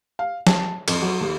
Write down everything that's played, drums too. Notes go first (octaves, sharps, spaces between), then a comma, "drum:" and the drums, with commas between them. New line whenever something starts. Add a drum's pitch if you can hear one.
F5
A5, drum: snare F#3
F2, drum: cymbal
F#3
D#2